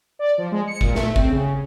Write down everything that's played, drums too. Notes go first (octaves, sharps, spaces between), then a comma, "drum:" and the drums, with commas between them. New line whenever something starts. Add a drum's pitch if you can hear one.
D5
F3
G#3
C#7
A#2, drum: kick G#1
A3, drum: snare
C4, drum: kick G#1
C#3